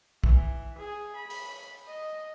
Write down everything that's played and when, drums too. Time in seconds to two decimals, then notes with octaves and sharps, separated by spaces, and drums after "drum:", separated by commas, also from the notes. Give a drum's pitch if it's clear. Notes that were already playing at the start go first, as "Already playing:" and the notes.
0.24 E3, drum: kick
0.78 G#4
1.16 B5
1.30 drum: open hi-hat
1.87 D#5